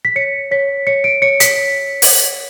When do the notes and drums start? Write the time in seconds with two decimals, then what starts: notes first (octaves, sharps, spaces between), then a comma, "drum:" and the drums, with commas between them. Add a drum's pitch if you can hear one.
0.05 B6
0.16 C#5 C#7
0.51 C#5 B6
0.87 C#5 C#7
1.04 D7
1.22 C#5 C#7
1.40 B6, drum: hi-hat
2.02 drum: open hi-hat